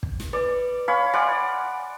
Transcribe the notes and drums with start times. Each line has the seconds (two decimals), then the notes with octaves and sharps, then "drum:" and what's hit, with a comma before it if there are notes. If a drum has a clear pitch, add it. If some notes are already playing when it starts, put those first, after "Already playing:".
0.03 drum: kick
0.20 drum: snare
0.33 B4 D5
0.88 C#5 F5 B5
1.14 D5 F#5 G#5 C6